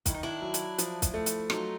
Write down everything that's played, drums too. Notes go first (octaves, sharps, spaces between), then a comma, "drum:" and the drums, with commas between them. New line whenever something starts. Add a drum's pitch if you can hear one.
D#3 E4, drum: kick, hi-hat
D#4
D4 E4
F#3
drum: hi-hat
F3, drum: hi-hat
drum: kick, hi-hat
A3
drum: hi-hat
F#3 D#4 F4, drum: rim click